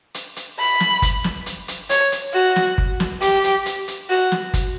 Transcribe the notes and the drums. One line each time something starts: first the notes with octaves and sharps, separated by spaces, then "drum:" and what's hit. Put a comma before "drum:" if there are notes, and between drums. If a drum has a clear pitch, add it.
drum: hi-hat
drum: hi-hat
B5, drum: open hi-hat
drum: snare
drum: kick G1, hi-hat
drum: snare
drum: hi-hat
drum: hi-hat
C#5, drum: hi-hat
drum: hi-hat
F#4, drum: open hi-hat
drum: snare
drum: kick G1
drum: snare
G4, drum: hi-hat
drum: hi-hat
drum: hi-hat
drum: hi-hat
F#4, drum: open hi-hat
drum: snare
drum: kick G1, hi-hat